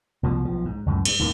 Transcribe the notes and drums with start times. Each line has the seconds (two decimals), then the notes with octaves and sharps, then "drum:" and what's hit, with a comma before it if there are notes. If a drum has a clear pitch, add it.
0.23 C2 B2 F3
0.45 B1 F3
0.65 G#2
0.86 C#2 F#2 A2
1.05 G2, drum: cymbal
1.19 D#2 A2 D#3